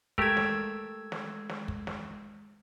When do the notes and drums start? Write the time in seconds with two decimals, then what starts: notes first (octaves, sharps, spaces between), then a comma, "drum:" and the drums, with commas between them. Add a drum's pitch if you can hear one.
0.18 G#3 A3 G4 A#4 E6 G#6, drum: kick
0.37 drum: snare
1.12 drum: snare
1.49 drum: snare
1.68 drum: kick
1.87 drum: snare